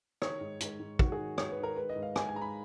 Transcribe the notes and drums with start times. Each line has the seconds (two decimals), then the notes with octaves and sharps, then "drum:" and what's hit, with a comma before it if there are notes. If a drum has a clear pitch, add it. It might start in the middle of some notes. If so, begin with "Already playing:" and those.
0.22 D#3 C#5, drum: rim click
0.41 G#2
0.60 G#2, drum: hi-hat
0.80 G#2
0.99 D#3 F#4, drum: kick
1.12 G#4
1.19 D#3
1.38 G#2 C#5, drum: rim click
1.51 B4
1.57 D#3
1.63 A#4
1.76 G#3 B4
1.89 D#5
1.96 G#2
2.03 F5
2.16 G#2 G#5, drum: rim click
2.29 G#5
2.35 G#2 A#5
2.42 B5